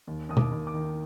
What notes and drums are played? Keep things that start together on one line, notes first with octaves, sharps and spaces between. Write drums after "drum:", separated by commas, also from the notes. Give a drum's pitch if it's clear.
D#2
D#2 D#6
D6, drum: tom B2
D#2
D6
D#3